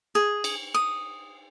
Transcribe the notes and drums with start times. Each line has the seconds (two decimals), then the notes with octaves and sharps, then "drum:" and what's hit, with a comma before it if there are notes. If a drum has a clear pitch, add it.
0.15 G#4
0.44 drum: cymbal
0.74 D#6